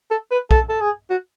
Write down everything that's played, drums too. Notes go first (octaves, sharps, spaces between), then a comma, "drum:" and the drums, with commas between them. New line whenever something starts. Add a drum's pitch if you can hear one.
A4
B4
A4, drum: kick
A4
G#4
F#4